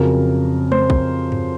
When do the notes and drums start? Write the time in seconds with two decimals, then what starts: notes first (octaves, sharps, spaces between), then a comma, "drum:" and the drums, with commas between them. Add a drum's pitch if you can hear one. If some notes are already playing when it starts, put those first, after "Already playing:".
Already playing: F2 C#3 F#3 A#4
0.72 C5, drum: tom G#3
0.90 drum: kick
1.32 drum: tom G2